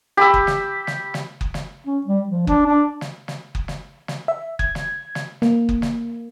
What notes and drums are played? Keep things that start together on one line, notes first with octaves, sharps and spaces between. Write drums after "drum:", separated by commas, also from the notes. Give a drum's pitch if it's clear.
G4 B5 E6
drum: kick F#1
drum: snare
drum: snare
drum: snare
drum: kick F#1
drum: snare
C#4
G3
F3
D4, drum: kick F#1
D4
drum: snare
drum: snare
drum: kick F#1
drum: snare
drum: snare
E5
G#6, drum: kick F#1
drum: snare
drum: snare
A#3, drum: snare
drum: kick F#1
drum: snare